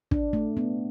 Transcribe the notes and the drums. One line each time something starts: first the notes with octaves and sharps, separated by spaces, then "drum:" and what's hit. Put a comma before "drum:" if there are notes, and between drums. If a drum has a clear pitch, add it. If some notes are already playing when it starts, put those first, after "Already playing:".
D4, drum: kick
A3
B3